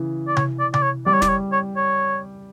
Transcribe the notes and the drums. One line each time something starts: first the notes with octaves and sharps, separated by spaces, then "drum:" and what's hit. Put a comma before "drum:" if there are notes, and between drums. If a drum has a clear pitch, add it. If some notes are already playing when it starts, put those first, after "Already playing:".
Already playing: C#3 E3
D5
C#5, drum: tom C3
D5
D5, drum: tom C3
C#5
G3 D5
C#5
D5, drum: snare
C#5
C#5
C#5